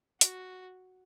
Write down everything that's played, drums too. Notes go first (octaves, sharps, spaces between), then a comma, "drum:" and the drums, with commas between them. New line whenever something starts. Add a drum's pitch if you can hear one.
F#4, drum: hi-hat